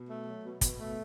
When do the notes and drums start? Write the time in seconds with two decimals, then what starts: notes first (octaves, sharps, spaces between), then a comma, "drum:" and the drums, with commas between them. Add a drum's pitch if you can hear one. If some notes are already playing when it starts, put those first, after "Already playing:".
Already playing: B2
0.09 A3
0.26 F#3
0.44 B2
0.61 B2, drum: kick, hi-hat
0.78 A3